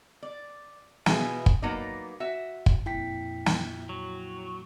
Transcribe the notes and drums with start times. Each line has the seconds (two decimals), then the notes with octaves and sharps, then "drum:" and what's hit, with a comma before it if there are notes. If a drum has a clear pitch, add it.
0.23 D5
1.06 B2 E3 E4 F4 G#4 G#5, drum: snare
1.46 drum: kick
1.62 F#3 A#3 B3 D#4 D5
2.20 F#4 E5
2.66 drum: kick
2.86 F2 A#2 E4 G5 B6
3.46 drum: snare
3.89 F#3